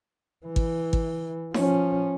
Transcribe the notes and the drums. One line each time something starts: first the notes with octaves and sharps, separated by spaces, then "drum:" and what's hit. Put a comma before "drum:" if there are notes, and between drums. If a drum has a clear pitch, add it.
E3
drum: kick G#1
drum: kick G#1
F3 C#4, drum: snare D#4